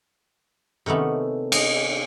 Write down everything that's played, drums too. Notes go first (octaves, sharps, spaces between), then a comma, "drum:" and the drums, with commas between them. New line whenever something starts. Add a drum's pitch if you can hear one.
C3 D#3 A3 B3 C#4
D#5, drum: cymbal